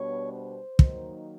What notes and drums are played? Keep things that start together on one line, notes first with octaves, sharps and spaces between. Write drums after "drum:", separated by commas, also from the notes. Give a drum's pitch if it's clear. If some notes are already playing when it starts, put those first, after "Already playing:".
Already playing: B2 G3 B3 D4 C#5
C5
D#3 F#3 A#3 D#4, drum: kick